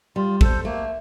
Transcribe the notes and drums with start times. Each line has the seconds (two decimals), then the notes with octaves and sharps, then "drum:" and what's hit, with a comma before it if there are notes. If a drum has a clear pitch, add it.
0.16 G3 F4
0.41 A4 C5, drum: kick
0.65 A3 A#3